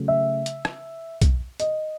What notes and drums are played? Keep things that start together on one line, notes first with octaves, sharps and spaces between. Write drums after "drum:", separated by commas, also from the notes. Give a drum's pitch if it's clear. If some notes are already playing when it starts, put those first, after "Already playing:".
Already playing: C#3 F#3 A3
E5
drum: hi-hat
drum: rim click
drum: kick B1, hi-hat
D#5, drum: hi-hat